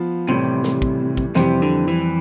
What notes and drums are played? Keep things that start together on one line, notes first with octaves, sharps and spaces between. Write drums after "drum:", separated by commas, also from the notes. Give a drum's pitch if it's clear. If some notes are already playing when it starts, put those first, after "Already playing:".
Already playing: F3 B3 F4
A2 C3 E3 G3
drum: snare
drum: kick
drum: kick
F2 C3 E3 G3 C4 G4, drum: snare
D3
E3